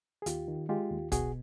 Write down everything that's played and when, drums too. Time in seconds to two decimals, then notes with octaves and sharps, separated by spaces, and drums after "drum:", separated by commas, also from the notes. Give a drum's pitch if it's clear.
0.22 G#4
0.26 D#2 F4 G4, drum: hi-hat
0.48 D#3
0.69 G#3 F4 G4
0.90 D#2
1.12 B2 F#4 G#4, drum: kick, hi-hat